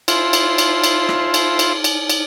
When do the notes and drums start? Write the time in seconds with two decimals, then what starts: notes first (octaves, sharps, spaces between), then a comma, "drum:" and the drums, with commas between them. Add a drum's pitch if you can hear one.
0.08 E4 F4 C5, drum: cymbal
0.33 drum: cymbal
0.58 drum: cymbal
0.84 drum: cymbal
1.09 drum: rim click
1.34 drum: cymbal
1.59 drum: cymbal
1.84 drum: cymbal
2.10 drum: cymbal